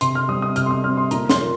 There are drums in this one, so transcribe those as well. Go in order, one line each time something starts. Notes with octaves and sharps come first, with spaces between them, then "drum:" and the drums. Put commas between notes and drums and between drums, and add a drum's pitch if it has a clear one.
C3 C6, drum: hi-hat
F6
G3 C4 D#6
D#6
C3 F6, drum: hi-hat
C6
D#6
G3 C4 F6
C6
A#2 A#5, drum: hi-hat
C6, drum: snare
F3 A#3